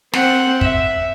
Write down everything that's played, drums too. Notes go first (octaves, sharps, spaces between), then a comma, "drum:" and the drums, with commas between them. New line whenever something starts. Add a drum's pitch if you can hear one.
C4 F#5, drum: snare
E5, drum: kick